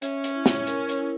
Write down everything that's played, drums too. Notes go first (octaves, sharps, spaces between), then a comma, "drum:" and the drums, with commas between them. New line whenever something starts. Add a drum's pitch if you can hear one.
C#4 E5, drum: hi-hat
drum: hi-hat
E4
drum: snare
A#4, drum: hi-hat
drum: hi-hat
E4